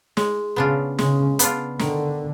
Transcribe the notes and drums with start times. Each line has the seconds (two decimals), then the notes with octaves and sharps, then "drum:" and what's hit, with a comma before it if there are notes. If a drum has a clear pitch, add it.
0.17 G#3, drum: snare
0.56 C#3 B3 D4 F4
0.99 C#3 G#3, drum: snare
1.39 B3 D4 F4, drum: hi-hat
1.79 D3 D#3, drum: snare